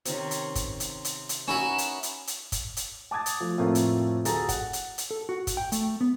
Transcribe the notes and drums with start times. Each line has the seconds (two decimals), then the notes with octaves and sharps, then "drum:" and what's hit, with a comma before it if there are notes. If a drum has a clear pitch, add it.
0.05 C3 D#3 C#4, drum: hi-hat
0.31 drum: hi-hat
0.55 drum: kick, hi-hat
0.80 drum: hi-hat
1.05 drum: hi-hat
1.29 drum: hi-hat
1.48 C#4 D#4 E4 F#4 A#4 B4 E7
1.78 drum: hi-hat
2.03 drum: hi-hat
2.27 drum: hi-hat
2.52 drum: kick, hi-hat
2.77 drum: hi-hat
3.11 A5 D6 D#6 G#6 A6
3.26 drum: hi-hat
3.40 F3 A3
3.58 F2 A2 A3 A#3 C4 F4
3.75 drum: hi-hat
4.25 D1 F#4 G#4 A4 A#5 A6, drum: hi-hat
4.49 F#5, drum: kick, hi-hat
4.73 drum: hi-hat
4.98 drum: hi-hat
5.11 A4
5.29 F#4
5.47 drum: kick, hi-hat
5.57 G5
5.72 A3, drum: hi-hat
6.01 B3